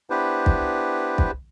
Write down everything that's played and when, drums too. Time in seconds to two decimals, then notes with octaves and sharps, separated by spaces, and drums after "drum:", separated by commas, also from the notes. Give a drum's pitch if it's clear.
0.10 B3 D4 E4 G4 B4 C5
0.46 drum: kick
1.18 drum: kick